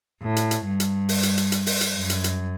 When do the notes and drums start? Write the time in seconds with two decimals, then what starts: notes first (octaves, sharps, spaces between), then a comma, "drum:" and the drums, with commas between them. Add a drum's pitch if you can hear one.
0.22 A2
0.36 drum: hi-hat
0.51 drum: hi-hat
0.65 G2
0.80 drum: hi-hat
1.09 drum: open hi-hat
1.23 drum: hi-hat
1.38 drum: hi-hat
1.52 drum: hi-hat
1.66 drum: open hi-hat
1.81 drum: hi-hat
1.96 F#2
2.10 drum: hi-hat
2.24 drum: hi-hat